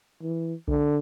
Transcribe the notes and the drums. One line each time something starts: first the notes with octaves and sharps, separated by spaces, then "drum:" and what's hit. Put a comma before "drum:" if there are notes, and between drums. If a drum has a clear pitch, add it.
E3
D3, drum: kick B1